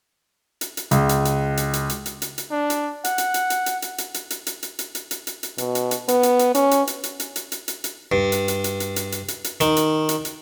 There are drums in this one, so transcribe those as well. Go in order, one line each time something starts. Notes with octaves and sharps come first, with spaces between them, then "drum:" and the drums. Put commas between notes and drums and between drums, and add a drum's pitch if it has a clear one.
drum: hi-hat
drum: hi-hat
C#2, drum: hi-hat
drum: hi-hat
drum: hi-hat
drum: hi-hat
drum: hi-hat
drum: hi-hat
drum: hi-hat
drum: hi-hat
drum: hi-hat
D4
drum: hi-hat
F#5, drum: hi-hat
drum: hi-hat
drum: hi-hat
drum: hi-hat
drum: hi-hat
drum: hi-hat
drum: hi-hat
drum: hi-hat
drum: hi-hat
drum: hi-hat
drum: hi-hat
drum: hi-hat
drum: hi-hat
drum: hi-hat
drum: hi-hat
drum: hi-hat
B2, drum: hi-hat
drum: hi-hat
drum: hi-hat
B3, drum: hi-hat
drum: hi-hat
drum: hi-hat
C#4, drum: hi-hat
drum: hi-hat
drum: hi-hat
drum: hi-hat
drum: hi-hat
drum: hi-hat
drum: hi-hat
drum: hi-hat
drum: hi-hat
G2
drum: hi-hat
drum: hi-hat
drum: hi-hat
drum: hi-hat
drum: hi-hat
drum: hi-hat
drum: hi-hat
drum: hi-hat
D#3, drum: hi-hat
drum: hi-hat
drum: hi-hat
drum: hi-hat